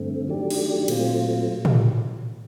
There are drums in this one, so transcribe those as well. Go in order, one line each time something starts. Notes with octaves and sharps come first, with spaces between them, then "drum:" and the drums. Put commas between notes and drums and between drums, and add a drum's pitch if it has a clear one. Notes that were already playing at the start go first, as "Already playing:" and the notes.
Already playing: G2 D3 A3 C4
D#3 F#3 A3 D4 G4
drum: cymbal
A#2 F#3 A3 C4 F4, drum: cymbal
drum: tom